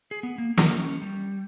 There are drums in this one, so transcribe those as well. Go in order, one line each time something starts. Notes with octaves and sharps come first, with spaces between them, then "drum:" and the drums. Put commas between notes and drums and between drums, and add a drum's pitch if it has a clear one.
G#4
B3
A#3
A#4, drum: snare
C#4
G3